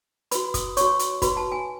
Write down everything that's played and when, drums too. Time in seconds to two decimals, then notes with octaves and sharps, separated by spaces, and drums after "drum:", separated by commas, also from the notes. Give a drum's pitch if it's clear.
0.31 F#4 B4 B5, drum: hi-hat
0.54 D#6, drum: kick, hi-hat
0.77 F#4 C#5 C#6, drum: hi-hat
0.99 drum: hi-hat
1.22 F#4 B4 B5, drum: kick, hi-hat
1.37 A5
1.52 G#5